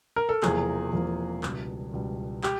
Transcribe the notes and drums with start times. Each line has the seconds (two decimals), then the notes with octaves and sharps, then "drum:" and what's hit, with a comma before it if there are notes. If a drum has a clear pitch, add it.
0.16 A#4
0.29 A4
0.43 E1 E2 C3 F3 A#3 G#4, drum: clap
0.93 E1 E2 C3 F3 A#3
1.43 C#2 B2 G3, drum: clap
1.93 C#2 B2 G3
2.43 G4, drum: clap